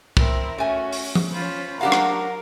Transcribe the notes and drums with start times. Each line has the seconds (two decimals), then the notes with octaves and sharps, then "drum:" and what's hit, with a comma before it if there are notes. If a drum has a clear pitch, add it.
0.17 C4 E4 A#4, drum: kick
0.58 A3 C#4 F#4 G#5
0.92 drum: open hi-hat
1.15 drum: tom F3
1.33 C#4 F4 C5 B5
1.81 F#3 D4 G4 A#4 F5 F#5
1.92 drum: rim click